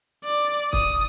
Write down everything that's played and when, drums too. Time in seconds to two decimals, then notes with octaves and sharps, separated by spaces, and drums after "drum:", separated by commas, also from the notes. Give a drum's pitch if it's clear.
0.24 D5
0.73 D#6, drum: kick, hi-hat